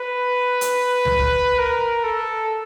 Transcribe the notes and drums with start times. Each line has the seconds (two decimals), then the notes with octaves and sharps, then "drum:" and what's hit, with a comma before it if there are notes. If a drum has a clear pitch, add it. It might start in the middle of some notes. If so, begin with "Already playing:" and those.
Already playing: B4
0.61 drum: hi-hat
1.05 drum: tom C#2
1.19 drum: kick
1.58 A#4
2.04 A4